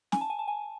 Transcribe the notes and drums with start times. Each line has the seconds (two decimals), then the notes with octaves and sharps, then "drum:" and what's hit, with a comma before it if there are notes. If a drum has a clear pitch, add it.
0.12 G#5, drum: snare
0.21 A5
0.30 G#5
0.39 A5
0.48 G#5